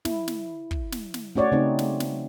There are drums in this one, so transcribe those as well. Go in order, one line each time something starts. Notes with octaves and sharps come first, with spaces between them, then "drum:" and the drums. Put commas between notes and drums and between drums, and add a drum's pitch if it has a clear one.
E4, drum: snare
drum: snare
drum: kick
drum: snare
drum: snare
A3 C#4 F#4 C#5 D5
C#3 A3 C4 D#4
drum: snare
drum: snare